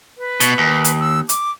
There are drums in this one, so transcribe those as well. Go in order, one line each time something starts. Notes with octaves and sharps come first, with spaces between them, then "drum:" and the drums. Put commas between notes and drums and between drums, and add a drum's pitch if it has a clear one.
B4
B2, drum: hi-hat
D#2
drum: hi-hat
E6
D6, drum: hi-hat